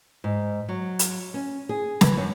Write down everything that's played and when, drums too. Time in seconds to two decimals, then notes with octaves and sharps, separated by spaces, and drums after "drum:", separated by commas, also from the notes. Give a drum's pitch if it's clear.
0.24 G#2
0.69 F#3
0.99 drum: hi-hat
1.34 C#4
1.69 G#4
2.01 E3, drum: snare
2.17 F#2